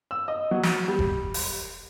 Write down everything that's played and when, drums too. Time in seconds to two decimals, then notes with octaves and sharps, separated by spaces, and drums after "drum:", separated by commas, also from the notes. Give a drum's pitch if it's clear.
0.11 E6
0.28 D#5
0.51 F#3
0.63 drum: snare
0.88 G3
0.99 drum: kick F1
1.34 drum: open hi-hat